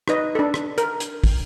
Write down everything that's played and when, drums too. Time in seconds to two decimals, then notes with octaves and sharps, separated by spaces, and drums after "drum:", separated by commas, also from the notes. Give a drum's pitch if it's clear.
0.08 D#4 B4 D#5, drum: rim click
0.35 D4 A4
0.54 drum: rim click
0.78 A#4, drum: hi-hat
1.00 drum: hi-hat
1.24 drum: kick, open hi-hat